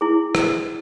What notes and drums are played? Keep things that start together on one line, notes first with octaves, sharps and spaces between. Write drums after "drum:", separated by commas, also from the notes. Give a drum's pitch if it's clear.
E4 G#4
drum: rim click